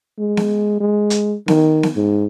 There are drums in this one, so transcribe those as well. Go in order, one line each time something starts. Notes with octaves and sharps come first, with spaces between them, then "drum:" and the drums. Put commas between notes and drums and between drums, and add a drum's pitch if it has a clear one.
G#3
drum: snare B3
G#3
drum: hi-hat
D#3, drum: snare B3
drum: snare B3
G#2